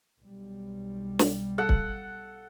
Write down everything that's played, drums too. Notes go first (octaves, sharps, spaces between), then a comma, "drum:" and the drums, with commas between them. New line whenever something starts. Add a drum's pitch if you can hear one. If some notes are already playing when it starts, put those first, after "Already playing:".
B1 G3
drum: snare
A4 F#5
drum: kick